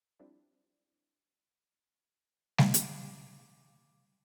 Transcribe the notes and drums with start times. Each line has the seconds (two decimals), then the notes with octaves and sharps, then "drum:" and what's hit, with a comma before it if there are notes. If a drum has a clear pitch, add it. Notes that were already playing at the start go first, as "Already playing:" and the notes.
0.19 F3 G3 C4 D4 E4
2.58 drum: snare G3
2.74 F5 D6, drum: hi-hat